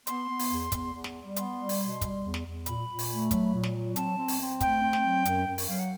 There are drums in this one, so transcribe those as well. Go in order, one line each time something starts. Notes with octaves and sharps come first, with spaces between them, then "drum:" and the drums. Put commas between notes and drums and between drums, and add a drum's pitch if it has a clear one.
B3 C6, drum: hi-hat
B3
drum: open hi-hat
E2
E2, drum: kick, hi-hat
E2
drum: snare
G3
B3 C6, drum: hi-hat
G3
drum: open hi-hat
B2
G3, drum: kick, hi-hat
E2
drum: snare
E2
A#2 B5, drum: hi-hat
A#2
drum: open hi-hat
A3
F#3, drum: kick, hi-hat
A#2
drum: snare
F#3
C4 A5, drum: hi-hat
C4
drum: open hi-hat
C4
A3 G5, drum: kick, hi-hat
C4
drum: snare
F#3
F#2, drum: hi-hat
F#2
drum: open hi-hat
F#3 F5
F#5